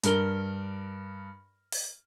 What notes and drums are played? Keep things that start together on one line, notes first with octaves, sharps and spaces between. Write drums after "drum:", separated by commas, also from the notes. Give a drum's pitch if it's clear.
G2 A#4 G7, drum: hi-hat
drum: open hi-hat